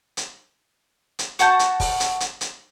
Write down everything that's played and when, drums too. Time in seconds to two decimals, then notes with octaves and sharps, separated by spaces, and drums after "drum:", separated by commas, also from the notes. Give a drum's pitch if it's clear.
0.17 drum: hi-hat
1.19 drum: hi-hat
1.39 F#4 F#5 A5 G6, drum: hi-hat
1.59 drum: hi-hat
1.80 drum: kick, open hi-hat
2.00 drum: hi-hat
2.20 drum: hi-hat
2.41 drum: hi-hat